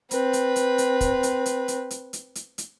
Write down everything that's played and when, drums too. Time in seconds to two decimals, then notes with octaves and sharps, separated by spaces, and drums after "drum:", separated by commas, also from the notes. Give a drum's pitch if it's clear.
0.11 C4 B4, drum: hi-hat
0.33 drum: hi-hat
0.56 drum: hi-hat
0.78 drum: hi-hat
1.01 drum: kick, hi-hat
1.23 drum: hi-hat
1.46 drum: hi-hat
1.68 drum: hi-hat
1.91 drum: hi-hat
2.13 drum: hi-hat
2.35 drum: hi-hat
2.58 drum: hi-hat